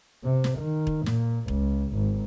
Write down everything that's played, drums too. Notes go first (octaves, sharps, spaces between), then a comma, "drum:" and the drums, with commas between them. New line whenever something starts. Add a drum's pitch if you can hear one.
C3
drum: snare
D#3
drum: kick E1
A#2, drum: snare
C#2, drum: kick E1
G#1